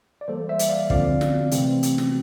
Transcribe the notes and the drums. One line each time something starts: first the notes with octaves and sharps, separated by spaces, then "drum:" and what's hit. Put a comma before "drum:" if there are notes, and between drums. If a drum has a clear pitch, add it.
D5
E3 G3 A#3 A4 C5
C5 E5
drum: hi-hat
D5 F5
D3 F3 C4 D5 F5, drum: kick
drum: snare
C3 E3 A3 C4, drum: hi-hat
drum: hi-hat
drum: snare